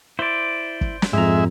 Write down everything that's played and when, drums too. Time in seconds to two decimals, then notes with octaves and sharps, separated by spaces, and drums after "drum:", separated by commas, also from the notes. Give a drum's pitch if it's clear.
0.19 E4 C5 D5
0.81 drum: kick
1.02 drum: snare
1.13 F2 G#2 G#3 E5 A#5